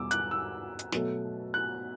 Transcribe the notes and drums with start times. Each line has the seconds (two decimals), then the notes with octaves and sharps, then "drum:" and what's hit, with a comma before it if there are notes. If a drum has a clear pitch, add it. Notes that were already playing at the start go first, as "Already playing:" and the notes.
Already playing: E2 B2 G3 D6 E6
0.11 F#6, drum: hi-hat
0.31 E6
0.79 drum: hi-hat
0.92 B2 F#3 A3, drum: snare
1.54 F#6